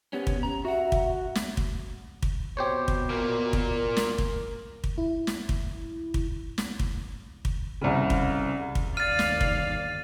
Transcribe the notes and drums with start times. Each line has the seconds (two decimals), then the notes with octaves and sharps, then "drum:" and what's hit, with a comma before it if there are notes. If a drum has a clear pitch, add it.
0.13 B3 C#4 G4
0.27 drum: kick
0.43 C#4 A#5
0.65 F#4 E5 F#5
0.92 drum: kick
1.35 drum: snare
1.57 drum: kick
2.22 drum: kick
2.57 B2 C4 G4 C5 C#5
2.88 drum: kick
3.09 A#2 A#3 A#4
3.53 drum: kick
3.97 drum: snare
4.18 drum: kick
4.84 drum: kick
4.98 E4
5.27 drum: snare
5.49 drum: kick
6.14 drum: kick
6.58 drum: snare
6.79 drum: kick
7.45 drum: kick
7.81 C2 C#3
8.10 drum: kick
8.75 drum: kick
8.97 G1 D#2 D5 F5 F6 A6 D#7
9.19 drum: snare
9.41 drum: kick